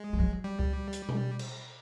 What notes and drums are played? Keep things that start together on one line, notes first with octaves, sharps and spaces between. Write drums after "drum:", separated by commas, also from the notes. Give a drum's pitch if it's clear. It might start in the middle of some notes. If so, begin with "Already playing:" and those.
Already playing: G#3
G3
F#3
G3
drum: kick C#2
drum: hi-hat
drum: tom B2
drum: cymbal